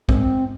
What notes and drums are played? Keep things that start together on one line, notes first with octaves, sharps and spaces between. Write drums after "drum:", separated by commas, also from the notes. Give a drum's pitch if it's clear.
G#2 C4, drum: kick